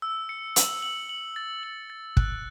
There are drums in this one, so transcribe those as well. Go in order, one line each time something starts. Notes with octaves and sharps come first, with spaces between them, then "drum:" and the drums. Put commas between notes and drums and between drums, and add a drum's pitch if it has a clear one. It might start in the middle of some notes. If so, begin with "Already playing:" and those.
E6
C#7
F#7, drum: hi-hat
F#7
F#7
A6
F#7
A6
F#6, drum: kick